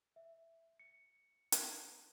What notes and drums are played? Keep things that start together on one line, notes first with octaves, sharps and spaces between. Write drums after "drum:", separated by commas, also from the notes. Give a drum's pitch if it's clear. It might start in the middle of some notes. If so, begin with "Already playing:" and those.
E5
C#7
drum: hi-hat